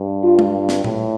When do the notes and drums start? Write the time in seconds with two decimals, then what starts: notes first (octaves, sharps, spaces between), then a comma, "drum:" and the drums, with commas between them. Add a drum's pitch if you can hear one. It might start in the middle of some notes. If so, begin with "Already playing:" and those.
Already playing: G2
0.24 F4
0.39 drum: tom G#3
0.69 drum: snare
0.84 A2, drum: tom A#2